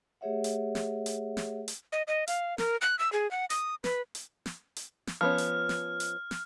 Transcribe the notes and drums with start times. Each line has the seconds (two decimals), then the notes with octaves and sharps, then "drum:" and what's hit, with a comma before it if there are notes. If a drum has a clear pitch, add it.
0.21 A3 G4 G#4 C#5 E5 F#5
0.44 drum: hi-hat
0.75 drum: snare
1.06 drum: hi-hat
1.37 drum: snare
1.68 drum: hi-hat
1.92 D#5
2.08 D#5
2.28 F5, drum: hi-hat
2.58 A#4, drum: snare
2.81 F#6
2.99 E6
3.13 G#4
3.31 F#5
3.50 D#6, drum: hi-hat
3.84 B4, drum: snare
4.15 drum: hi-hat
4.46 drum: snare
4.76 drum: hi-hat
5.07 drum: snare
5.21 F3 B3 C#4 F6
5.38 drum: hi-hat
5.69 drum: snare
6.00 drum: hi-hat
6.31 drum: snare